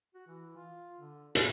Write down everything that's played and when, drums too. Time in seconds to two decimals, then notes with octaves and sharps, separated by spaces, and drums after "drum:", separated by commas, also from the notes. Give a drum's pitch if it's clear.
0.14 F#4
0.27 E3
0.56 F4
0.97 D3
1.35 D#4, drum: hi-hat